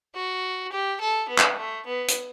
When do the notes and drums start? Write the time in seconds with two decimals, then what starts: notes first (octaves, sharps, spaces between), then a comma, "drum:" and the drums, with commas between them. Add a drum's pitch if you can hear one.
0.15 F#4
0.72 G4
1.01 A4
1.29 B3
1.38 drum: clap
1.58 A3
1.86 B3
2.08 drum: hi-hat